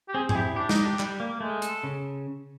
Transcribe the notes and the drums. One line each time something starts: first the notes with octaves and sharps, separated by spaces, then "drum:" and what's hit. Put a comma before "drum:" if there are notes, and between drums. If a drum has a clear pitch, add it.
G4
C4 G#4
G#4, drum: tom G#2
E4 G4
D4 G4
D#4, drum: snare
D4 G4
G3, drum: clap
A#3
G#3 A3
A4, drum: hi-hat
C#3